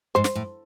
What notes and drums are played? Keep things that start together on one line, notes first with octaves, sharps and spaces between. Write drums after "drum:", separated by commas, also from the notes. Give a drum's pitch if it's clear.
G#2 C5
drum: snare
A2